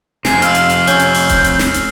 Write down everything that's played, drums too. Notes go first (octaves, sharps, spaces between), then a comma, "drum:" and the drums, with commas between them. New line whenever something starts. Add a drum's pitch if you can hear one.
F2 C3 G#5 C7, drum: snare
F5 E6 F6, drum: hi-hat
drum: hi-hat
drum: hi-hat
C#4 G6, drum: hi-hat
drum: hi-hat
drum: open hi-hat
drum: kick D#1, hi-hat
drum: hi-hat
drum: snare
drum: hi-hat